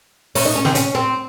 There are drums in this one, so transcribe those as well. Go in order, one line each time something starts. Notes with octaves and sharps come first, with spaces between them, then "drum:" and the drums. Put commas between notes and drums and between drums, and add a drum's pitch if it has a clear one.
C#4, drum: open hi-hat
D#4
C#4
C4, drum: snare
C#4, drum: hi-hat
C4